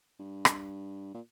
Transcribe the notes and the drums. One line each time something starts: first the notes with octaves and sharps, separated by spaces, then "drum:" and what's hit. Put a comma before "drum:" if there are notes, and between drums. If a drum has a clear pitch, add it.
G2
drum: rim click
A#2